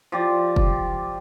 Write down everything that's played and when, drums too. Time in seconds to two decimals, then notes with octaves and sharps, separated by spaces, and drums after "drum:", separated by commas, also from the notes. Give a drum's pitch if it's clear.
0.12 F3 G4 D5
0.56 drum: kick